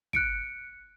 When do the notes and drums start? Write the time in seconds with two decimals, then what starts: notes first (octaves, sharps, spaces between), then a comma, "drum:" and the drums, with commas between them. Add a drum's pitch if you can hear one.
0.13 F#6 C#7 D7, drum: kick